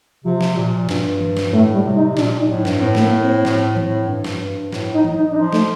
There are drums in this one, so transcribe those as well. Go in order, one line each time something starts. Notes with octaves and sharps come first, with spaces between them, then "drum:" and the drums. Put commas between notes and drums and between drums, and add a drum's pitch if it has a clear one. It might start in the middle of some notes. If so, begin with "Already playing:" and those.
C3 F3
drum: snare
A#2
G2, drum: snare
drum: tom D#3
drum: snare
A2 A3
G3
C3
D#4
A#2 D4, drum: snare
D#4
A2, drum: tom F3
G2, drum: snare
A2 C4
A3, drum: snare
A#3
C4
A2, drum: snare
drum: tom D#3
A2
G2
drum: snare
G2
A2, drum: snare
D#4
drum: tom D#3
D#4
D4
F3 D#4
A3, drum: snare